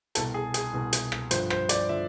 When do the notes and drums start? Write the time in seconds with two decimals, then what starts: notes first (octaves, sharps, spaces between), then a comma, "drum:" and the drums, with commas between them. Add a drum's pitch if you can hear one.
0.15 C2 B2 A4, drum: hi-hat
0.34 G#4
0.54 G#4, drum: hi-hat
0.73 C2 B2
0.93 drum: hi-hat
1.12 drum: rim click
1.31 G2 D3 F3 C5, drum: hi-hat
1.50 C5, drum: rim click
1.69 D5, drum: hi-hat
1.89 D3 F3 E5